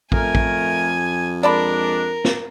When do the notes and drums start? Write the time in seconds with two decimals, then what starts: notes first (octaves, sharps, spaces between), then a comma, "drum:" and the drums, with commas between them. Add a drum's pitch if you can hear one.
0.12 F2 A3 A#4 G#5, drum: kick
0.35 drum: kick
1.43 G#3 D4 A#4 D5 A5 B5
2.25 drum: snare